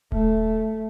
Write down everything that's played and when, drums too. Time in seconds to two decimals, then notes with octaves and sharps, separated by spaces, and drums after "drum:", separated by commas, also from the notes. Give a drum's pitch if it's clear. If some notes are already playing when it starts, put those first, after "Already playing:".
0.12 A3, drum: kick D#1